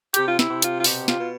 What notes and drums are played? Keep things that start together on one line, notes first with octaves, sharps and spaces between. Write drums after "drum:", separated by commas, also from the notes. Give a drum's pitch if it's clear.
C3 G4, drum: hi-hat
F4
E4, drum: snare
C3
F4, drum: hi-hat
F4
B2 G4, drum: open hi-hat
F4, drum: snare
B2